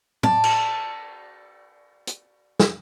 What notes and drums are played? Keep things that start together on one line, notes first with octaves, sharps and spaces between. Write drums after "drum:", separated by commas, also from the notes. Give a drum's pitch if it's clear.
D5 A5, drum: tom
drum: cymbal
drum: hi-hat
drum: snare